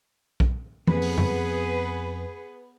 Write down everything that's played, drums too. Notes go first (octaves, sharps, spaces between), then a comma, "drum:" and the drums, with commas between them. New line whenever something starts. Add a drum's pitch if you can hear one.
drum: kick B1
F2 B3 G#4 B4 B5, drum: tom
drum: open hi-hat
drum: tom F#2